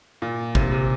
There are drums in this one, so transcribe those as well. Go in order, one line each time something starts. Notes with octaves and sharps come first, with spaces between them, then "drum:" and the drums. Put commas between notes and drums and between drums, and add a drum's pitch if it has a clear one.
A#2
C3, drum: kick G#1
C3